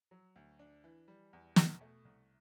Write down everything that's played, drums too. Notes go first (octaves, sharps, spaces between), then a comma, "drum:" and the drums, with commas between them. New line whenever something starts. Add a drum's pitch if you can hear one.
F#3
D2
D4
E3
G3
E2
B2, drum: snare
A3
C2